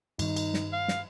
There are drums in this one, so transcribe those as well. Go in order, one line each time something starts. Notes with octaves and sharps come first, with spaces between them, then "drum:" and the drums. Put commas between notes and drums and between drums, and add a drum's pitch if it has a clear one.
G2 D#3 D#4, drum: cymbal
drum: cymbal
drum: snare
F5
drum: snare